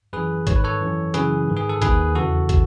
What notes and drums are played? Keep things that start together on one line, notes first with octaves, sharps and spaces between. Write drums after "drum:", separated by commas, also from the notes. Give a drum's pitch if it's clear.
F#2 E3 G#4 B4
G#2 D#3 C#5, drum: kick, hi-hat
B4
A4 C#5
F#2 E3
F#2 C#3 E3 G#4 B4, drum: hi-hat
G#2 D#3
G#4
A4
D#2 D#3 G#4 B4, drum: kick, hi-hat
E2 C#3 E3 F#4 A4
drum: kick, hi-hat